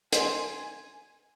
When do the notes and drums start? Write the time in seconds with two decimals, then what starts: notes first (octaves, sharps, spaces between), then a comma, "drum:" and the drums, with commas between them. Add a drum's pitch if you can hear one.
0.12 G#5 C6, drum: hi-hat